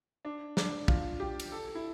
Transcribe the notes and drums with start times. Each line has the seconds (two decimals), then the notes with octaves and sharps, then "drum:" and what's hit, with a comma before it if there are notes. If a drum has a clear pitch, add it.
0.25 D4
0.57 D4, drum: snare
0.88 F4, drum: kick
1.20 G4
1.40 drum: cymbal
1.52 A4
1.75 E4